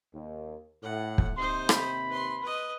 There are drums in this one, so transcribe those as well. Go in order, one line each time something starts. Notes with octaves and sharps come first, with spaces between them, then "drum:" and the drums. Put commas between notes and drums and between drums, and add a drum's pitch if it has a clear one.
D#2
A2 F#5
drum: kick
D#2 C3 D#4 C5 C6
B5, drum: rim click
B4 C6
B4 D#5